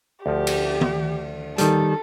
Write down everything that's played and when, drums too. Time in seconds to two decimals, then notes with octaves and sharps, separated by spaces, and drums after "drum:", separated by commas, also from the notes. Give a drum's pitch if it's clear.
0.26 D2 F3 G4
0.47 drum: cymbal
0.81 drum: tom D#3
1.58 D#3 G3 A4, drum: hi-hat